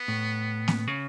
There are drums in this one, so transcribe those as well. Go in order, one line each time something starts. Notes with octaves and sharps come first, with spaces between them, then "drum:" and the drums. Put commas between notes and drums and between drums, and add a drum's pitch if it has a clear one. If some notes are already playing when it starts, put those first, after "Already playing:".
Already playing: B3
A2
drum: snare A#3
C#3